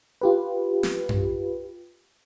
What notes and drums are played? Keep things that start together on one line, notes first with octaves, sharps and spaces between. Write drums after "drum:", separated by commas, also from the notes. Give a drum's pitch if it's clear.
F4 G4 B4
drum: snare
drum: tom F#2